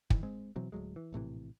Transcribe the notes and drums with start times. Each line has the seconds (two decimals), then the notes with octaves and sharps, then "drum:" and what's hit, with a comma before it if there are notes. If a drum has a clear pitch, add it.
0.10 G#2 D#3 E3, drum: kick
0.23 G#3 C4
0.56 B2 E3 F#3 C4
0.72 D1 A2 F#3 G#3
0.96 E3
1.13 A#1 A2 C3 E3